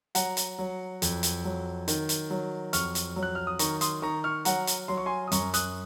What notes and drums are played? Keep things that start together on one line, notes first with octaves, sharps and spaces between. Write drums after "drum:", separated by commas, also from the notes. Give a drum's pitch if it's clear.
F#3 F#5 A#5, drum: hi-hat
drum: hi-hat
F#3
F2, drum: hi-hat
drum: hi-hat
F#3
D#3, drum: hi-hat
drum: hi-hat
F#3
F2 C#6 F6, drum: hi-hat
drum: hi-hat
F#3
F#6
F6
D#6
D#3 A#5 C#6, drum: hi-hat
C6 D#6, drum: hi-hat
D#3 A#5 C#6
C#6 F6
F#3 F#5 A#5, drum: hi-hat
drum: hi-hat
F#3 C6
C#6
G#5 C6
D#6
F#2 A#5 C#6, drum: hi-hat
D#6 F#6, drum: hi-hat